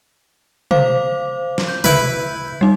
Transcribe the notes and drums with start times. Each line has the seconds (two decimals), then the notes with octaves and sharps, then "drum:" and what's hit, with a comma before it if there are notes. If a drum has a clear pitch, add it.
0.71 C5 F5 D6, drum: tom
1.58 drum: snare
1.68 G6
1.84 E4 B4, drum: tom
2.61 G3 D#4